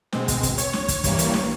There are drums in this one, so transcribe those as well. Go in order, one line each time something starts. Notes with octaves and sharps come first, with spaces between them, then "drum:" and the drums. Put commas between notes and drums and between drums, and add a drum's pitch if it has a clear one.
B2 G#3 C4, drum: snare
drum: kick, hi-hat
drum: kick, hi-hat
C#5, drum: hi-hat
drum: snare
drum: kick, hi-hat
G2 E3 G3 A#3, drum: kick, hi-hat
drum: hi-hat
drum: snare